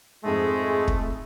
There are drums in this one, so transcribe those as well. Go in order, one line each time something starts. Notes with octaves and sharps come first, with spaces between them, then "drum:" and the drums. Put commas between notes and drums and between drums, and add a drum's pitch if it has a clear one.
F2 G#2 G#3 A3
drum: kick